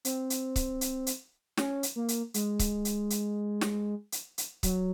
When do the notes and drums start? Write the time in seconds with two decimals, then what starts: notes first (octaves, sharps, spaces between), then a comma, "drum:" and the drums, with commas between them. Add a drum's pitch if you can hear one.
0.05 C4, drum: hi-hat
0.30 drum: hi-hat
0.56 drum: kick C#1, hi-hat
0.81 drum: hi-hat
1.07 drum: hi-hat
1.57 C#4, drum: snare
1.83 drum: hi-hat
1.96 A#3
2.08 drum: hi-hat
2.34 G#3, drum: hi-hat
2.59 drum: kick C#1, hi-hat
2.85 drum: hi-hat
3.10 drum: hi-hat
3.61 drum: snare
4.12 drum: hi-hat
4.38 drum: hi-hat
4.63 F#3, drum: kick C#1, hi-hat